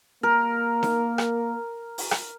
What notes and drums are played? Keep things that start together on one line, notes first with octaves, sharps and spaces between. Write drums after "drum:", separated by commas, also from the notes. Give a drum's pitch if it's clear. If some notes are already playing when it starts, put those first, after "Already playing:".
A#3 A#4
drum: snare D#4
drum: rim click
drum: open hi-hat
drum: rim click